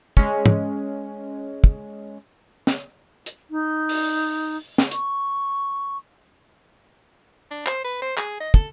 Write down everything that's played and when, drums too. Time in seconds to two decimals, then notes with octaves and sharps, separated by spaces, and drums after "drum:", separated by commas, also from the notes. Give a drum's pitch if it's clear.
0.17 G#3 C#4, drum: kick
0.46 drum: tom
1.64 drum: kick
2.67 drum: snare
3.26 drum: hi-hat
3.51 D#4
3.89 drum: open hi-hat
4.78 drum: snare
4.91 C#6, drum: hi-hat
7.51 D4
7.66 C5, drum: clap
7.84 B4
8.02 C5
8.17 G#4, drum: clap
8.40 D#5
8.54 A4, drum: kick